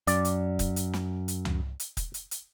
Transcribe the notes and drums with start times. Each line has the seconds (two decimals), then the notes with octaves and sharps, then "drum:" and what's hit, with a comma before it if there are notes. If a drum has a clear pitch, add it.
0.07 F#2 D5, drum: hi-hat
0.25 drum: hi-hat
0.59 drum: kick, hi-hat
0.76 drum: hi-hat
0.93 drum: snare
1.28 drum: hi-hat
1.45 drum: tom
1.80 drum: hi-hat
1.97 drum: kick, hi-hat
2.14 drum: hi-hat
2.31 drum: hi-hat